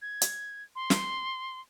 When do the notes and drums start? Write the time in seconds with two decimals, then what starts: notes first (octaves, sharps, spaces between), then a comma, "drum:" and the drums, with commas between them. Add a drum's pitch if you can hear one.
0.02 G#6
0.22 drum: hi-hat
0.76 C6
0.90 drum: snare